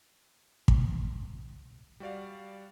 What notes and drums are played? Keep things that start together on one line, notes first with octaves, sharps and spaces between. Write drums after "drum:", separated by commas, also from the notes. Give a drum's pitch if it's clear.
drum: kick
G3 F#4 D5 F5